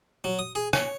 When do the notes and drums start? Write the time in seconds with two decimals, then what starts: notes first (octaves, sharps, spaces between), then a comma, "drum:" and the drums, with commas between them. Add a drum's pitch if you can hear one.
0.24 F#3
0.39 D#6
0.55 G#4
0.73 C#5, drum: rim click